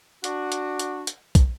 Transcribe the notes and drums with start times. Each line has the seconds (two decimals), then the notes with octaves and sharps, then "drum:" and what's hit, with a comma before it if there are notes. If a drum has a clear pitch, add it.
0.24 D4 F#4, drum: hi-hat
0.52 drum: hi-hat
0.79 drum: hi-hat
1.07 drum: hi-hat
1.35 drum: kick, hi-hat